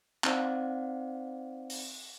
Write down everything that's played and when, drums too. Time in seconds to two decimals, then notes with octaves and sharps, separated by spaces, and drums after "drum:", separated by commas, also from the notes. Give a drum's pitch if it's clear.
0.24 C4 D#4 C5 D5 F5 F#5, drum: clap
1.70 drum: open hi-hat